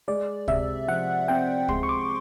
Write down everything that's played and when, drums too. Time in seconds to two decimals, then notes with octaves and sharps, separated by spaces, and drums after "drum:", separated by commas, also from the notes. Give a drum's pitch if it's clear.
0.08 G#3 D5
0.48 C3 E5, drum: kick
0.88 F3 F#5
1.28 C4 G5
1.68 G#3 C6, drum: kick
1.83 C#6
1.89 D6